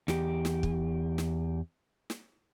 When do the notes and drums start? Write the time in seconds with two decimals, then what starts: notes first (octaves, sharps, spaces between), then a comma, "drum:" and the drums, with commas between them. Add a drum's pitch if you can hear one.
0.08 E2 G4, drum: snare
0.45 drum: snare
0.63 drum: kick
1.18 drum: snare
2.10 drum: snare